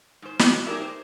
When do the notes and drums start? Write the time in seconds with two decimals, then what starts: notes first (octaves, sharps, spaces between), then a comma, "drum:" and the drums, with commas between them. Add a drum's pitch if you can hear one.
0.22 G#2 C5
0.39 A2 G3 F#4, drum: snare
0.66 D#4 G4 G#4 A#4 D5 E5
0.82 C5